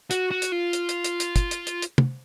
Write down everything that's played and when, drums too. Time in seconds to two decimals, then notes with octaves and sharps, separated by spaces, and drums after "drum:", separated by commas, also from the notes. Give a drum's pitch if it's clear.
0.11 F#4, drum: hi-hat
0.31 F#4
0.42 drum: hi-hat
0.52 F4
0.73 drum: hi-hat
0.89 drum: hi-hat
1.04 drum: hi-hat
1.20 drum: hi-hat
1.36 drum: kick, hi-hat
1.51 drum: hi-hat
1.67 drum: hi-hat
1.82 drum: hi-hat
1.98 drum: tom